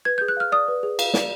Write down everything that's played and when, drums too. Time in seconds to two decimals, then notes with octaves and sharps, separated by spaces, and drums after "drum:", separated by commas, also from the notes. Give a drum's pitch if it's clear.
0.05 B4 G#6
0.18 G6
0.21 G#4
0.28 F#6
0.37 F5 F6
0.52 D5 D#6
0.68 B4
0.83 G#4
0.99 F5, drum: cymbal
1.14 D5, drum: snare